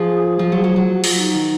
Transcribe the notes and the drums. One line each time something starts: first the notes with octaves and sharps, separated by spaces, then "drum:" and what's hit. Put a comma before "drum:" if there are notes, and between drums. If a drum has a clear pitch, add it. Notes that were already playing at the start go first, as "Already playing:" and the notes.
Already playing: F3 G#4
F3
F#3
F#3
F#3
F#4
F4, drum: open hi-hat
D#4
D#3